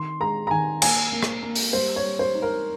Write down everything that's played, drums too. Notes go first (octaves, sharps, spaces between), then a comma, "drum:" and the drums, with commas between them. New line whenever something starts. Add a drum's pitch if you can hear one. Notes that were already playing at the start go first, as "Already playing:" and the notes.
Already playing: D#3 C6
G#3 A#5
A#5
D#3 G#5
A#3 G#5, drum: cymbal
A#3
drum: rim click
A#3
drum: open hi-hat
G3 C5
C#5
G3
C5
D#4
A#4